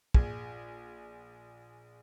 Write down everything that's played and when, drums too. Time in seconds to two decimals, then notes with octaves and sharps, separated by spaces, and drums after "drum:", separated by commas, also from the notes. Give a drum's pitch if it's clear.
0.14 A#1 G#4, drum: kick